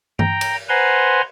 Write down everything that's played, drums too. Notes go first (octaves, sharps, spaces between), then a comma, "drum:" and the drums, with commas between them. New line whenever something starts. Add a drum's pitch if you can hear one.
G5 A#5, drum: tom G2
drum: cymbal
B4 C5 F#5 G#5 A#5 C6